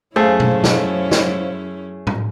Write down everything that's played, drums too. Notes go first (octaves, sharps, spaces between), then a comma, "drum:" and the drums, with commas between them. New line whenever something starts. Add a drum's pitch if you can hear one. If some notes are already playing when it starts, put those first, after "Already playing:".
F#2 A3 C#4 E4 G#4 C5 F5
drum: tom B2
drum: snare
drum: snare
drum: tom